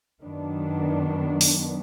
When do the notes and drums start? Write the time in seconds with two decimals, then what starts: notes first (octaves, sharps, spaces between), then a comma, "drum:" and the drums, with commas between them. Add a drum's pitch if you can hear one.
0.21 F#2 D#3 F#3 B3 D4
1.41 drum: open hi-hat